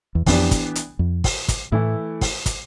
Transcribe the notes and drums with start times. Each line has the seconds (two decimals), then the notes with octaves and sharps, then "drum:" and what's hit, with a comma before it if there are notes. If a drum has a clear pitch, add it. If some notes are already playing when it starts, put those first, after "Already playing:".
0.15 E2
0.26 F2 E3 B3 D4 G4, drum: kick, open hi-hat
0.51 drum: kick, hi-hat
0.76 drum: hi-hat
0.99 F2
1.24 drum: kick, open hi-hat
1.48 drum: kick, hi-hat
1.72 A2 E3 A3 E4
2.21 drum: kick, open hi-hat
2.46 drum: kick, hi-hat